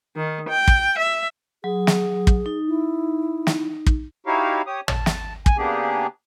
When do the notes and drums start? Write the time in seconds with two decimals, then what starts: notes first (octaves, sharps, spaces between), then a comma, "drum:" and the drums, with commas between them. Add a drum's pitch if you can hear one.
0.16 D#3
0.49 G5
0.68 drum: kick
0.99 E5
1.64 F#3 G#4
1.87 drum: snare
2.27 drum: kick
2.46 D#4
2.68 E4
3.47 drum: snare
3.87 drum: kick
4.26 D#4 E4 F#4 G4 C#5 F5
4.67 G4 C#5 D#6
4.88 A5, drum: tom
5.06 drum: snare
5.46 G#5, drum: kick
5.58 C#3 A#3 B3 D4 G4 G#4